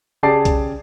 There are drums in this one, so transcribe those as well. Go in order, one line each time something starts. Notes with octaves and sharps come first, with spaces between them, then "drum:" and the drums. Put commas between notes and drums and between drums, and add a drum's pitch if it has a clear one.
C#3 G4 G#4 D5 A5 C7
drum: kick, hi-hat